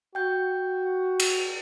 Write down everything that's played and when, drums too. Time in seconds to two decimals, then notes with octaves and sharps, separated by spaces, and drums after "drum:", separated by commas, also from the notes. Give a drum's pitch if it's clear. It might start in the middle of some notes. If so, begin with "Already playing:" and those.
0.15 F#4 G5 G6
1.20 drum: cymbal